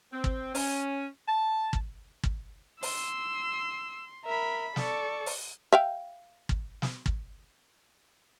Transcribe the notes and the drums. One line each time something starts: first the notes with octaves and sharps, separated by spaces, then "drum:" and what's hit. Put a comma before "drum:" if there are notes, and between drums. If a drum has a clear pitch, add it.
C4
drum: kick
C#4, drum: open hi-hat
A5
drum: kick
drum: kick
C6 E6, drum: open hi-hat
A#4 E5 B5
A4 D5 C#6, drum: snare
drum: open hi-hat
E5 F5 G5
drum: kick
drum: snare
drum: kick